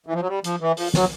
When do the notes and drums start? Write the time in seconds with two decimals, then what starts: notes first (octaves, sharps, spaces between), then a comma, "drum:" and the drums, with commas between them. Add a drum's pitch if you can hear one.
0.07 E3
0.13 F3
0.21 F#3
0.28 G3
0.44 F3, drum: hi-hat
0.61 E3
0.77 F3, drum: open hi-hat
0.94 F#3, drum: snare